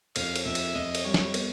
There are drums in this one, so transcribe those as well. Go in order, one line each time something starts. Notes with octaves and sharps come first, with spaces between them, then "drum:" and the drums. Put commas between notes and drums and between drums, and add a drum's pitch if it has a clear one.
F2 F5, drum: cymbal
drum: cymbal
F2 E5
drum: cymbal
F2 D#5
drum: cymbal
G3 C#5
drum: snare
B3, drum: cymbal